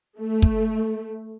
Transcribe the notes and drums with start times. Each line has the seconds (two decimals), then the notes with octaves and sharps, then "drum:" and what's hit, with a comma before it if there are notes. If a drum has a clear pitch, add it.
0.19 A3
0.42 drum: kick